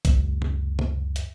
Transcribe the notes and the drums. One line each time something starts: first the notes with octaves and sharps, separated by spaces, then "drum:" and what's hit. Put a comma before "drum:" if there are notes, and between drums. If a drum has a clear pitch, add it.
C#2 F#2, drum: kick, hi-hat
drum: tom C3
drum: tom
drum: hi-hat